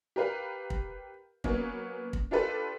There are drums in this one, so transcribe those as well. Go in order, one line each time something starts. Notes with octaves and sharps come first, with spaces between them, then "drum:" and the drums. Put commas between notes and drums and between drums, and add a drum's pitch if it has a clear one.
G4 A#4 B4 F5
drum: kick
F#3 A#3 B3 C#4, drum: kick
drum: kick
D4 F4 G4 A4 B4